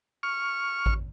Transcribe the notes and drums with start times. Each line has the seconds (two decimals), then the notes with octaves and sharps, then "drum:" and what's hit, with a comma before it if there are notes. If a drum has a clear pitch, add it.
0.23 C#6 F6
0.86 drum: kick A1